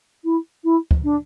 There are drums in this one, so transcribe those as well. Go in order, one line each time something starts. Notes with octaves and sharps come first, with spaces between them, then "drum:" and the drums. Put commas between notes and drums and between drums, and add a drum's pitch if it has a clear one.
E4
E4
drum: kick
D4